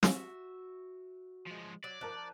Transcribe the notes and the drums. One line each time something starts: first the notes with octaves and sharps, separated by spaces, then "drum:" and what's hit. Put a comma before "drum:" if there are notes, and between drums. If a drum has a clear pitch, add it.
F#4 E5, drum: snare
F3 G#3
F#3 D5
F3 A#4 A5 F#6